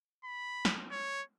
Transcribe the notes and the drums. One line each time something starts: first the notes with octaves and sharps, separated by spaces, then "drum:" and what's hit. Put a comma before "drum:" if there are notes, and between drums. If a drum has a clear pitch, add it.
B5
drum: snare
C#5